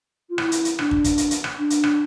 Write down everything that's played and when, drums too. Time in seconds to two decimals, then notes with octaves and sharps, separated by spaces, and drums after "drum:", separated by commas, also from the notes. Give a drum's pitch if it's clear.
0.29 F4
0.38 E4, drum: rim click
0.52 drum: hi-hat
0.65 drum: hi-hat
0.79 D4, drum: rim click
0.91 drum: kick
1.04 drum: kick, hi-hat
1.18 drum: hi-hat
1.31 drum: hi-hat
1.44 drum: rim click
1.57 D4
1.70 drum: hi-hat
1.84 drum: rim click